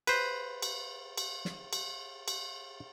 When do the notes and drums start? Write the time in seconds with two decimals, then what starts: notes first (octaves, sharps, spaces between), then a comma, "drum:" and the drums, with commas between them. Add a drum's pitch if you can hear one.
0.07 B4 C5, drum: cymbal
0.62 drum: cymbal
1.18 drum: cymbal
1.45 drum: snare
1.73 drum: cymbal
2.28 drum: cymbal